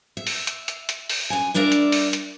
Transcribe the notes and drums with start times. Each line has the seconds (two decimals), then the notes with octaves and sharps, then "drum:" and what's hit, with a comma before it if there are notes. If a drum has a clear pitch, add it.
0.17 E5
0.27 drum: open hi-hat
0.47 drum: hi-hat
0.68 drum: hi-hat
0.89 drum: hi-hat
1.09 drum: open hi-hat
1.30 F#2 G#5
1.54 G3 D4 A#4 D5 E5
1.72 drum: hi-hat
1.92 drum: open hi-hat
2.13 drum: hi-hat